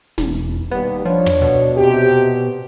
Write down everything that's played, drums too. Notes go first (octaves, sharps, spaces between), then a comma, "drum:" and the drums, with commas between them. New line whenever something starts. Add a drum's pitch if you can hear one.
E1, drum: snare
D#2 G3 B3
F3 D4 C#5
drum: tom
B2
C3 G4